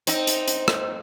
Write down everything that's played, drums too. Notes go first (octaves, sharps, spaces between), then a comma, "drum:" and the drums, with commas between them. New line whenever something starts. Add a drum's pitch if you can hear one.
C4 D#4, drum: hi-hat
drum: hi-hat
drum: hi-hat
drum: rim click